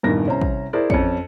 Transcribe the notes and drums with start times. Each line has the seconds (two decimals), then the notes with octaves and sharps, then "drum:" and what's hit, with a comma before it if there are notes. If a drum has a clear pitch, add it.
0.03 D#1 E2 G2 D#3 A#4 A#6
0.26 C2 C#4 C5 A#5
0.41 drum: kick
0.73 E4 G#4 A#4 C5 D5
0.90 F2 C#4 C#7, drum: kick